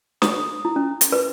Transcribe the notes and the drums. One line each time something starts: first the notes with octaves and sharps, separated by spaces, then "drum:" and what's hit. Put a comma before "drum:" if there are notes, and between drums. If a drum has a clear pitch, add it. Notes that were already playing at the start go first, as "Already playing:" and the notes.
D#6, drum: snare
E4
C#4
drum: hi-hat
B4